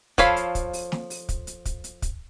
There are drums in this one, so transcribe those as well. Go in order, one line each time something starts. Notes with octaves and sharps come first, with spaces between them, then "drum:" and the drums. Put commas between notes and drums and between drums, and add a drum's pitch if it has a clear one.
F3 A4 C#5 F5 B5, drum: kick, hi-hat
drum: hi-hat
drum: kick, hi-hat
drum: open hi-hat
drum: snare
drum: open hi-hat
drum: kick, hi-hat
drum: hi-hat
drum: kick, hi-hat
drum: hi-hat
drum: kick, hi-hat